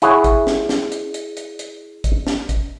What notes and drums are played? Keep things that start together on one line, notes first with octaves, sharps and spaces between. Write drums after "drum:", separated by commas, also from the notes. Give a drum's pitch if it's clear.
E4 G#4 C#5 F#5, drum: hi-hat
drum: kick, hi-hat
drum: snare
drum: snare
drum: hi-hat
drum: hi-hat
drum: hi-hat
drum: hi-hat
drum: kick, hi-hat
drum: snare
drum: kick, hi-hat